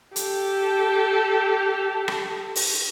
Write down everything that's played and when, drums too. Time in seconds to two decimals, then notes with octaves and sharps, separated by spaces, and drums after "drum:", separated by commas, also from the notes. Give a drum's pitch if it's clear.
0.16 G4 A4, drum: hi-hat
2.08 drum: rim click
2.56 drum: open hi-hat